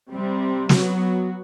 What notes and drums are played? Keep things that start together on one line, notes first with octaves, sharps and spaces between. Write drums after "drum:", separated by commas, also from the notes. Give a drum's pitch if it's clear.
C3 G3 C4
F#3 B3 F#4, drum: snare